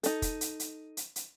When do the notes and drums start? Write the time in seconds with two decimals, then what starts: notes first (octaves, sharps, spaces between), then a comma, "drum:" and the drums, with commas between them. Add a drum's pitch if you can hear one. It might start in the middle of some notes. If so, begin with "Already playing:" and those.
0.03 D#4 A4, drum: hi-hat
0.22 drum: kick, hi-hat
0.41 drum: hi-hat
0.60 drum: hi-hat
0.97 drum: hi-hat
1.16 drum: hi-hat